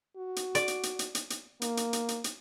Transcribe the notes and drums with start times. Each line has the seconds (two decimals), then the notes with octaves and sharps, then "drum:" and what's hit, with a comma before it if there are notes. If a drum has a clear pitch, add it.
0.17 F#4
0.36 drum: hi-hat
0.55 D5, drum: hi-hat
0.68 drum: hi-hat
0.83 drum: hi-hat
0.99 drum: hi-hat
1.15 drum: hi-hat
1.30 drum: hi-hat
1.62 A#3, drum: hi-hat
1.77 drum: hi-hat
1.93 drum: hi-hat
2.09 drum: hi-hat
2.24 drum: hi-hat